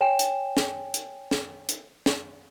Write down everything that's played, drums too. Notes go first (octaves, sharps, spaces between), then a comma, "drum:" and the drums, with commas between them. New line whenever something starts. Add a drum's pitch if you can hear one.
C#5 G5 G#5 E7
drum: hi-hat
drum: snare
drum: hi-hat
drum: snare
drum: hi-hat
drum: snare